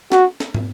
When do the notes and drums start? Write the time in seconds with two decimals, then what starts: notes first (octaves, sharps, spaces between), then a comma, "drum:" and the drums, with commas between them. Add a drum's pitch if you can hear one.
0.12 F#4, drum: snare
0.40 drum: snare
0.55 drum: tom